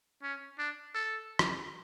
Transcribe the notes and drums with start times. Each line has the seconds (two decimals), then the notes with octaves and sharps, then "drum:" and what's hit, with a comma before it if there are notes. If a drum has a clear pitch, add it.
0.23 C#4
0.59 D4
0.95 A4
1.39 drum: rim click